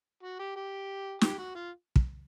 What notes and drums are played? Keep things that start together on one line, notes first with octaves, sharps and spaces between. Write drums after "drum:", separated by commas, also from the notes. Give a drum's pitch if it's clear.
F#4
G4
G4
G4, drum: snare
F#4
F4
drum: kick